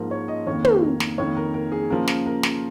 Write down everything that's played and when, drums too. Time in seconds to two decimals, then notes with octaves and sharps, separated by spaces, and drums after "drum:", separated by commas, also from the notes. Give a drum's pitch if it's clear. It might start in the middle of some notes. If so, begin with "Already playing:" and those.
Already playing: G#2 F3 A#3 A#4
0.11 C#5
0.28 D#5
0.47 F2 D#3 A#3 C#5
0.64 drum: tom
0.83 A#4
1.00 drum: snare
1.18 F2 D#3 A#3 C#5
1.37 A#4
1.54 A#4
1.72 G#4
1.90 C#3 F3 A#3 A#4
2.08 drum: snare
2.26 A#4
2.43 drum: snare